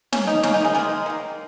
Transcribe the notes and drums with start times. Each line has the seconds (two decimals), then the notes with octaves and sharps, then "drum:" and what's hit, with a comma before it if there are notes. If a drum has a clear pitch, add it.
0.12 C#3 A#3 C#4, drum: snare
0.27 D#4
0.43 C#3 A#3 C#4, drum: snare
0.54 D#4
0.64 G#3 G#4
0.74 D#3 G#3 A#3 G#4
1.06 D#3 A#3